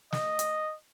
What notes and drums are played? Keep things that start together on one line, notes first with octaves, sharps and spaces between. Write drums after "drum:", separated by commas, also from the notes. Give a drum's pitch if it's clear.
D#5, drum: snare
drum: hi-hat